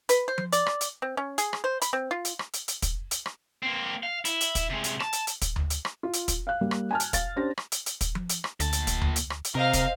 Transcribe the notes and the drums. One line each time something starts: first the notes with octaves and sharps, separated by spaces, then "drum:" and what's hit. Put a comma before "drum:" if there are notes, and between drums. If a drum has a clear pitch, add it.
B4, drum: hi-hat
C5
drum: tom F3
D5, drum: hi-hat
drum: rim click
drum: hi-hat
C4
C#4
G#4, drum: hi-hat
drum: rim click
C5
B5, drum: hi-hat
C4
F4
drum: hi-hat
drum: rim click
drum: hi-hat
drum: hi-hat
drum: kick, hi-hat
drum: hi-hat
drum: rim click
A#3 C4
F5
E4, drum: hi-hat
drum: hi-hat
drum: kick, hi-hat
C3 G#3
drum: hi-hat
A5, drum: rim click
drum: hi-hat
drum: hi-hat
drum: kick, hi-hat
drum: tom D2
drum: hi-hat
drum: rim click
F4
drum: hi-hat
drum: kick, hi-hat
F5 F#6
G3 A#3
drum: rim click
G#5 A5 F6
drum: hi-hat
F5 A6, drum: kick, hi-hat
C#4 D4 G4 C5 A#6
drum: rim click
drum: hi-hat
drum: hi-hat
drum: kick, hi-hat
drum: tom F3
drum: hi-hat
drum: rim click
D2 A#2 A5, drum: hi-hat
drum: hi-hat
drum: kick, hi-hat
drum: tom D2
drum: hi-hat
drum: rim click
drum: hi-hat
C3 A#4 C5 D#5 F5
drum: kick, hi-hat